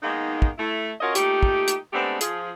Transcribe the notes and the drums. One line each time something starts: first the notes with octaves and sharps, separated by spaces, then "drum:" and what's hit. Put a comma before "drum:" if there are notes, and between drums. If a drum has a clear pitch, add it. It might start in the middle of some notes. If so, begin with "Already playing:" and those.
D#3 G#3 A#3 B3 D#4
drum: kick
A3 E4
C#4 F4 F#4 A#4 C#5 D#5
A#2 A3 D#4 G4, drum: hi-hat
drum: kick
drum: hi-hat
G#3 A3 B3 C4 D4 G4
F3 G#4, drum: hi-hat